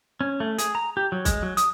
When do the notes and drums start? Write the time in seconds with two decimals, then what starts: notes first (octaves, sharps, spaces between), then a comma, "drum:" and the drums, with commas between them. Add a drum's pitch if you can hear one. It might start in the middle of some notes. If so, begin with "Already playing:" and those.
0.21 C#4
0.40 A3
0.58 G#4, drum: hi-hat
0.75 A#5
0.97 G4
1.12 F#3
1.25 G#3, drum: kick, hi-hat
1.43 F#3
1.57 D#6, drum: hi-hat